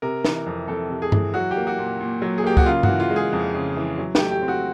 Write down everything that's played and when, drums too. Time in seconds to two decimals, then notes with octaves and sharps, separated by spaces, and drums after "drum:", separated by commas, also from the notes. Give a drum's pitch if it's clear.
0.02 C3 A#4
0.25 E3, drum: snare
0.46 F2
0.68 F2 A4
0.90 C3
1.02 G#4
1.12 E3, drum: tom G2
1.34 F#3 F#4
1.51 G4
1.57 A#3
1.67 F#4
1.79 A#2
2.01 A#2
2.22 F#3
2.38 G#4
2.44 A#3 G4
2.57 F#4, drum: kick C#2
2.66 C#3 F4
2.83 E3 F#4, drum: tom G2
3.00 F4
3.10 G#3
3.16 G#4
3.32 F2
3.55 C#3
3.76 E3
3.98 F#3
4.15 G4, drum: snare
4.20 A3
4.31 G4
4.42 C4
4.48 F#4